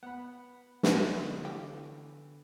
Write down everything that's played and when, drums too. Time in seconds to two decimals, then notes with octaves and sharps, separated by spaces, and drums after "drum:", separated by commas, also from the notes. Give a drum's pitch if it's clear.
0.03 B3 F#5 B5
0.83 drum: snare
1.12 D3 B3 D#4
1.45 E3 A3 G4